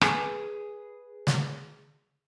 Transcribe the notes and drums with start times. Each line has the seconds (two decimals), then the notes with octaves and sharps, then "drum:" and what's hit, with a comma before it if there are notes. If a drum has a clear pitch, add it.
0.01 G#4 B4, drum: rim click
1.27 drum: snare